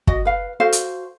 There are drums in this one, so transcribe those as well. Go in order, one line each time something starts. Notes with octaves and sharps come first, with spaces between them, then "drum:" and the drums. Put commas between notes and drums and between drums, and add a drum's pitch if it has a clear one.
F#4 D#5, drum: kick
B4 F5
F#4 A4 C5 F5
drum: hi-hat